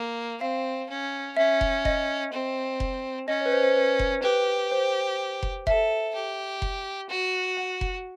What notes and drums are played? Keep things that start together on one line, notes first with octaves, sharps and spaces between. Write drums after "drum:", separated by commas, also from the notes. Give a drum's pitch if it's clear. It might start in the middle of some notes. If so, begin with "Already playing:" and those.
Already playing: A#3
C4 F5
C#4
C#4 E5
drum: kick F1
D#5, drum: kick F1
C4
drum: kick F1
C#4 D#5
C#5
B4
C5
C5
B4
drum: kick F1
G4 B4
C5
drum: kick F1
A4 E5, drum: kick F1
G4
drum: kick F1
F#4
F#5
drum: kick F1